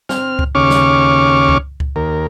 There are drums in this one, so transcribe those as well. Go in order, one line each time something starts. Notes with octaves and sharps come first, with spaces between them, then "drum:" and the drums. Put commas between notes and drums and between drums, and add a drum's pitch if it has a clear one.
C4 F6, drum: snare
drum: kick C#2
D#2 C#3 C#4 C#6 D6 F6
drum: snare
drum: kick C#2
drum: kick C#2
D#2 A#4